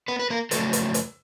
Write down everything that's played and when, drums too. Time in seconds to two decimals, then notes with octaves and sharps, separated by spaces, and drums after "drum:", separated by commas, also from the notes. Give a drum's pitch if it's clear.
0.08 B3 B4
0.19 B4
0.30 A#3 A#4
0.51 F2 C#3 F#3 A3 A4, drum: hi-hat
0.73 drum: hi-hat
0.94 drum: hi-hat